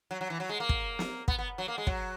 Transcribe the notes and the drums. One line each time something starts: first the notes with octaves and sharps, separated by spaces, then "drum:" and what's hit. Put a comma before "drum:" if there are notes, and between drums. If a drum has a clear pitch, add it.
F#3
F#3
E3
F#3
G#3
A#3
drum: kick
drum: snare
B3, drum: kick
B3
F#3
A#3
G#3
F#3, drum: kick